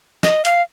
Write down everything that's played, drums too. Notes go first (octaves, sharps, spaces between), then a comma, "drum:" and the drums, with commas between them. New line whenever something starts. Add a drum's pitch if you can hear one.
D#5, drum: snare
F5, drum: hi-hat